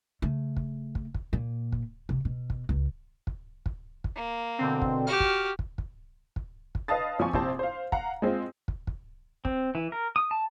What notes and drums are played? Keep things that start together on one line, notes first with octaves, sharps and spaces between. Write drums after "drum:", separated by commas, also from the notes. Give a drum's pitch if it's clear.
C#3 A3
drum: kick
drum: kick
drum: kick
A#2
drum: kick
C3, drum: kick
B2
drum: kick
C#2, drum: kick
drum: kick
drum: kick
drum: kick
A#3
B2 D3 C4
drum: kick
F#4 G4 F6
drum: kick
drum: kick
drum: kick
drum: kick
drum: kick
B4 D#5 F5 A5 D#6 A6
A1 F3 C4 G#5 C#6
A#1 C3 C4 C5 A5, drum: kick
C5 F5
F5 F#5 A#5, drum: kick
G#3 C4 F4
drum: kick
drum: kick
C4, drum: kick
E3
A#4
D#6
A5